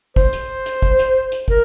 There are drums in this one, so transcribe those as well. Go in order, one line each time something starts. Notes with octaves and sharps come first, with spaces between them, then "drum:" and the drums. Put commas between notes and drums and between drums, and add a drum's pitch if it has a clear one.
C5, drum: kick
drum: hi-hat
drum: hi-hat
drum: kick
drum: hi-hat
drum: hi-hat
A#4, drum: kick